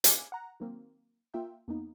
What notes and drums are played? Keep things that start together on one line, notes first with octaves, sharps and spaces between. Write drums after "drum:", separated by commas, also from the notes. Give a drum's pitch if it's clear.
F5 G#5 D6, drum: hi-hat
F#5 A#5
D#3 F#3 A#3 C4
A#3 F4 E5 G5
F2 A#3 B3 D#4